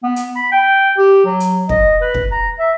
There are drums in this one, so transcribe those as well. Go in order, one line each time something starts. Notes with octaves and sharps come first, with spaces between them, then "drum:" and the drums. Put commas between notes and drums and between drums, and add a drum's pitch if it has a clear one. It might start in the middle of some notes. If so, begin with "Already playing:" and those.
B3
drum: hi-hat
B5
G5
G4
F#3
drum: hi-hat
D#5, drum: kick
B4
drum: kick
A#5
E5